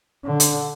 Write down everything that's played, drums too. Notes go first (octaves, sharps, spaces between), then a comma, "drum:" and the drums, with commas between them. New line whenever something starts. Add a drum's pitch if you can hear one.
D3
drum: hi-hat